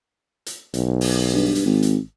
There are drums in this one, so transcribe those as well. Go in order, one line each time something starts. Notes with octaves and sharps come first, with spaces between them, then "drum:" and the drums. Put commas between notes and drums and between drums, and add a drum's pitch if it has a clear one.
drum: hi-hat
B1, drum: hi-hat
drum: open hi-hat
G2
drum: hi-hat
G#1
drum: hi-hat